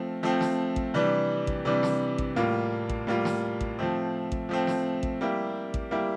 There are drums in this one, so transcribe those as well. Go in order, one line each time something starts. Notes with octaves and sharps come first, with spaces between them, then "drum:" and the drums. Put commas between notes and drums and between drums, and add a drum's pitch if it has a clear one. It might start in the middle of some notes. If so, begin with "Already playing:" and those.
Already playing: F3 A3 C4
F3 A3 C4
drum: snare
drum: kick A1
C3 E3 G3 D4
drum: kick A1
C3 E3 G3 D4
drum: snare
drum: kick A1
A2 G3 A#3 F4
drum: kick A1
A2 G3 A#3 F4
drum: snare
drum: kick A1
F3 A3 C4
drum: kick A1
F3 A3 C4
drum: snare
drum: kick A1
G3 A#3 E4 G4
drum: kick A1
G3 A#3 E4 G4